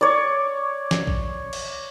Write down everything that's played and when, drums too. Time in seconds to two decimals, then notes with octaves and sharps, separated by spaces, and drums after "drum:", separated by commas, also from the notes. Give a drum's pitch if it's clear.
0.01 C#5 D5
0.91 drum: snare
1.07 drum: kick A#1
1.53 drum: cymbal